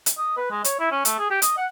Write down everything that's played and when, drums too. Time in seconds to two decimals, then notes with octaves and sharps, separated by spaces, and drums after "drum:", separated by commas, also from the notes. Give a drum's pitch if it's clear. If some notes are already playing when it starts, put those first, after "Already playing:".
0.06 drum: hi-hat
0.17 D#5
0.37 B4
0.51 G#3
0.64 C#5, drum: hi-hat
0.79 E4
0.91 C#4
1.05 A3, drum: hi-hat
1.18 G#4
1.30 G4
1.42 D#5, drum: hi-hat
1.57 F#5